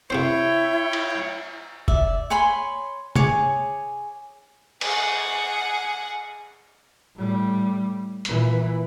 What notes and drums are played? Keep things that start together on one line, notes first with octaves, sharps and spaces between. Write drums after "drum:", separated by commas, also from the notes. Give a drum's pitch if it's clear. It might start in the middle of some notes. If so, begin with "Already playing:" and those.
C3 C4 E4 C5 C#5 G5
drum: cymbal
D5 E5, drum: kick
C#5 G#5 B5 C6
G#4 C#5 G#5 D6, drum: tom
G#4 F#5, drum: cymbal
A2 G3
A#2 E3, drum: hi-hat